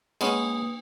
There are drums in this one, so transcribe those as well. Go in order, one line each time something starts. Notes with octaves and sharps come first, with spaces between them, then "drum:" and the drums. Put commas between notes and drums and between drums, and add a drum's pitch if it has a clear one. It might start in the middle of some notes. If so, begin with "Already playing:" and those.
G#3 A#3 B3 C#4 B4 D#6, drum: cymbal